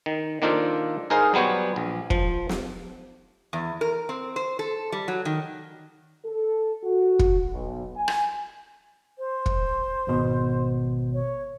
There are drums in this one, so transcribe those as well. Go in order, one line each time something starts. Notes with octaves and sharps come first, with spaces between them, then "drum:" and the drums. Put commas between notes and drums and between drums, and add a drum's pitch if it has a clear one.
D#3
D#3 A#3 D4 F4 A4 C5
D#4 G#4 A#4 C5 F5 G#5
F#3 G3 B3 C5 C#5
A#1
F3, drum: kick
drum: snare
E2
A#4
C4
C5
A4
G3
F#3
D#3
A4
F#4
drum: kick
B1
G#5
drum: rim click
C5
drum: kick
G#1 B2
C#5